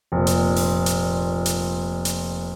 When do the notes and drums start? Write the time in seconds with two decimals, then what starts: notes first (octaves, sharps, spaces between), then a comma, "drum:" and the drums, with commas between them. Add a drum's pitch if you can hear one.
0.12 F1 A#2
0.27 drum: hi-hat
0.56 drum: open hi-hat
0.86 drum: hi-hat
1.46 drum: hi-hat
2.05 drum: hi-hat